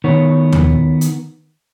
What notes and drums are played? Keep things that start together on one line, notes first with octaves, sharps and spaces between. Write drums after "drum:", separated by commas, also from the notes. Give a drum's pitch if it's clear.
D#3 B3 C#5
drum: tom D#2
drum: hi-hat